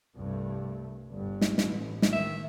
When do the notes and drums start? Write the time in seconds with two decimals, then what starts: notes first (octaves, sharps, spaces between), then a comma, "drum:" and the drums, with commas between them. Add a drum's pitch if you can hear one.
0.16 C2 G2 A3
1.11 G1 G2
1.41 drum: snare
1.58 A1, drum: snare
2.02 drum: snare
2.12 D#3 E5